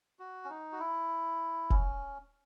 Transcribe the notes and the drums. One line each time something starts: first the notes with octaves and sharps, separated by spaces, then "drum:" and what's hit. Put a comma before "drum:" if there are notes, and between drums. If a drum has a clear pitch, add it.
F#4
C#4
D#4
F#4
E4
C#4, drum: kick